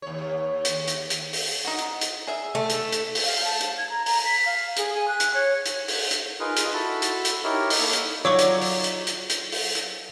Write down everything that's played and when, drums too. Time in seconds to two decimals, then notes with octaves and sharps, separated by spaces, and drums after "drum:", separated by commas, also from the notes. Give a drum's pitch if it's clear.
0.02 D#2 C#5
0.65 drum: hi-hat
0.88 drum: hi-hat
1.10 drum: hi-hat
1.33 drum: open hi-hat
1.65 D#4 F#4
1.79 drum: hi-hat
2.01 drum: hi-hat
2.27 G#4 E5
2.55 A3
2.70 drum: hi-hat
2.92 drum: hi-hat
3.15 drum: open hi-hat
3.25 F5
3.44 A5
3.61 drum: hi-hat
3.78 G#6
3.90 A#5
4.06 A#5, drum: open hi-hat
4.25 B6
4.46 F5
4.77 G#4, drum: hi-hat
4.94 G#5
5.08 F#6
5.20 drum: hi-hat
5.34 C#5
5.66 drum: hi-hat
5.88 drum: open hi-hat
6.11 drum: hi-hat
6.40 D#4 F4 G#4 A#4 B4
6.57 drum: hi-hat
6.74 E4 F#4 A4 A5 B5
7.02 drum: hi-hat
7.25 drum: hi-hat
7.44 D#4 E4 G4 A#4 C#5 E5
7.70 drum: open hi-hat
7.80 A#3 A4 E5
7.93 drum: hi-hat
8.25 F#3 D#4 F4 C#5 D5 C#6 D6 E6
8.39 drum: hi-hat
8.61 drum: open hi-hat
8.84 drum: hi-hat
9.07 drum: hi-hat
9.30 drum: hi-hat
9.52 drum: open hi-hat
9.75 drum: hi-hat